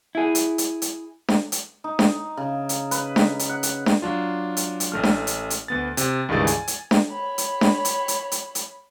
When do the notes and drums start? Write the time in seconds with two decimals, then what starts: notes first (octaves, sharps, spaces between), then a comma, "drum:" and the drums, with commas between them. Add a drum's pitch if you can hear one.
0.15 E4 G#4
0.35 drum: hi-hat
0.58 drum: hi-hat
0.82 drum: hi-hat
1.28 drum: snare D4
1.52 drum: hi-hat
1.84 D#4
1.99 drum: snare D4
2.37 C#3
2.69 drum: hi-hat
2.91 B4, drum: hi-hat
3.16 drum: snare D4
3.39 drum: hi-hat
3.49 F#5
3.63 drum: hi-hat
3.86 drum: snare D4
4.02 F#3 D4 F4
4.57 drum: hi-hat
4.80 drum: hi-hat
4.92 A1 A3 F6
5.03 drum: snare D4
5.27 drum: hi-hat
5.50 drum: hi-hat
5.68 D2 B3 A6
5.97 C3, drum: hi-hat
6.29 C#2 G2 D#3 E3 G#4 A6
6.47 G#5, drum: hi-hat
6.67 drum: hi-hat
6.91 drum: snare D4
7.10 C#5 B5
7.38 drum: hi-hat
7.61 drum: snare D4
7.85 drum: hi-hat
8.08 drum: hi-hat
8.32 drum: hi-hat
8.55 drum: hi-hat